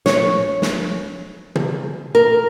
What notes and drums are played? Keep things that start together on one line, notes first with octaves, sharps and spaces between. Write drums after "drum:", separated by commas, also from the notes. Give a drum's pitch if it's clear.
C#5, drum: snare
drum: snare
drum: tom
A#4